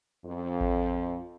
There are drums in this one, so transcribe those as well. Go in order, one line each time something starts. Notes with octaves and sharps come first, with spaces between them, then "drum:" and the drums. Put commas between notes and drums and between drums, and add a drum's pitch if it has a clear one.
F2
drum: kick A1